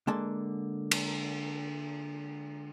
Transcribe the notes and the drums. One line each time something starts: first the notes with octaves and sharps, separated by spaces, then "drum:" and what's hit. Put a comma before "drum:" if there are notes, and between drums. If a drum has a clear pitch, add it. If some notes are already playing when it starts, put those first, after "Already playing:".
D3 G#3 A#3 A5
drum: cymbal